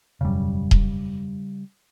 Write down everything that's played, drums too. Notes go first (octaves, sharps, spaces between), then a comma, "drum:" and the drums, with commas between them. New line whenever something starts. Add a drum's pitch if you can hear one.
E1 F#2 C#3 G3
drum: kick D#1